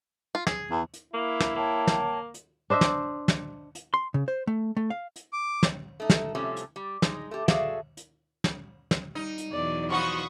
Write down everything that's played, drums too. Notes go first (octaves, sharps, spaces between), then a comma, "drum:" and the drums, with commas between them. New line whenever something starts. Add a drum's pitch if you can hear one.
F4
G#4, drum: snare
E2
drum: hi-hat
A#3 E4
drum: snare
A#3 C#5 G5 A5
drum: snare
drum: hi-hat
D4 C5 D#5 E5
drum: snare
drum: snare
drum: hi-hat
C6
C#3
C5
A3
A3
F5
drum: hi-hat
D6
drum: snare
A3 D#4
drum: snare
C3 F3 G3 A3 C#4
drum: hi-hat
G3
G#3 D#4, drum: snare
A3 G4
F#4 G#4 A4 D5 E5 F5, drum: snare
drum: hi-hat
drum: snare
drum: snare
G3 D#4
drum: hi-hat
E2 B2 F#3 D5
F3 D#4 F#4 F#5 B5 C#6 D#6